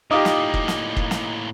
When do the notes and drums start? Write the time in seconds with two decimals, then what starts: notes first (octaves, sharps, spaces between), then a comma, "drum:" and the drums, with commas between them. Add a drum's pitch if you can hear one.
0.11 A2 A#3 D#4 F4 G4 D#5 D6 D#6
0.25 drum: snare
0.54 drum: kick
0.68 drum: snare
0.97 drum: kick
1.11 drum: snare